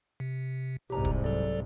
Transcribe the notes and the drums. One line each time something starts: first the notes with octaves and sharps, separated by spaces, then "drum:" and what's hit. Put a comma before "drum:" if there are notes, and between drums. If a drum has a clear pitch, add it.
C3
C2 G#2 G4 A#5
drum: kick
F#3 A4 D5